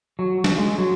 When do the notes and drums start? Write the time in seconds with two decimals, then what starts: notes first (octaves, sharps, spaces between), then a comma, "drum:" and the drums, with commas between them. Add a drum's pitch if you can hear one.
0.19 F#3
0.44 drum: snare
0.58 G#3
0.78 F#3